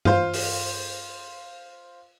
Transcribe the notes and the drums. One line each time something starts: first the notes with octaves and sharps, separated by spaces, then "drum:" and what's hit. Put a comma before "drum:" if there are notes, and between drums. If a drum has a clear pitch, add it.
F4 C5 F5, drum: tom G2
drum: open hi-hat